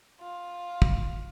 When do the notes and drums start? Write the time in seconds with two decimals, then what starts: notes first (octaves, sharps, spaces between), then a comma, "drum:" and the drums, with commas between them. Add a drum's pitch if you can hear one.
0.21 F4
0.82 drum: kick